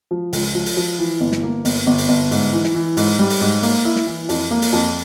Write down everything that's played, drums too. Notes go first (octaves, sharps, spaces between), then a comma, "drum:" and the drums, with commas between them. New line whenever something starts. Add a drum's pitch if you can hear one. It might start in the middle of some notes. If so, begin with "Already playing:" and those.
F3
C#2, drum: open hi-hat
F3
drum: open hi-hat
F3
E3
G1
drum: snare
A#3
G1, drum: open hi-hat
G1
drum: open hi-hat
G1
G#2, drum: open hi-hat
E3
drum: snare
E3
G#2, drum: open hi-hat
G3
drum: open hi-hat
G#2
A#3, drum: open hi-hat
E4
drum: snare
E3
F2, drum: open hi-hat
A#3
drum: open hi-hat
F2